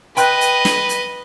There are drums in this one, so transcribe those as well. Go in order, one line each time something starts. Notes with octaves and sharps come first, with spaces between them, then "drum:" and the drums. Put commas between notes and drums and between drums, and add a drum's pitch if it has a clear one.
B4 D#5 G5 C6 F#6, drum: hi-hat
drum: hi-hat
drum: snare
drum: hi-hat